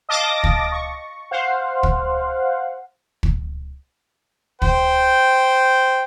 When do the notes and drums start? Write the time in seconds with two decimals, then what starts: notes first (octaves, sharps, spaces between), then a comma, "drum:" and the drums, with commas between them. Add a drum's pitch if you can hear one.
0.09 D#5 F5 A5 D6 A6 A#6
0.44 drum: kick
0.72 C#6
1.31 C5 F5 F#5
1.83 drum: kick
3.23 drum: kick
4.62 C5 G5, drum: kick